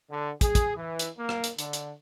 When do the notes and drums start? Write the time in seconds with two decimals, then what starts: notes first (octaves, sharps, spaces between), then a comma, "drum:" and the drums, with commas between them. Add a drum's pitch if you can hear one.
0.11 D3
0.41 G#4, drum: kick, hi-hat
0.55 drum: kick, hi-hat
0.76 E3
0.99 drum: hi-hat
1.18 A#3
1.29 drum: rim click
1.44 drum: hi-hat
1.59 D3, drum: hi-hat
1.73 drum: hi-hat